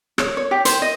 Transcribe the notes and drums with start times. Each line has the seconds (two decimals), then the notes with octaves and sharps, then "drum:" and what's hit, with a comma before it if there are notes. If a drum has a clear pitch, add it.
0.18 C#5, drum: rim click
0.37 C#5
0.51 G4
0.65 C5, drum: hi-hat
0.82 D#5